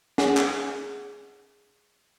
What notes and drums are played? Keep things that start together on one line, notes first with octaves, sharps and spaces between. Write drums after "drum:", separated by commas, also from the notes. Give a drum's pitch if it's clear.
G#4 F#5 G#5, drum: snare
drum: clap